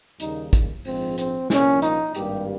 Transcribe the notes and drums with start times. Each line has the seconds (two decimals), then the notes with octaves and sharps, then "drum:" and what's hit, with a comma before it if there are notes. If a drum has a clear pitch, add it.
0.20 D#2 C#3 G3 A#3 D#4, drum: hi-hat
0.53 drum: kick, hi-hat
0.85 A#1 G#2 F3 G#3 C4, drum: open hi-hat
1.18 C4, drum: hi-hat
1.50 C2 A#2 F3 A#3 C#4, drum: snare
1.82 D#4, drum: hi-hat
2.15 G#1 G2 G3 A#3 G4, drum: hi-hat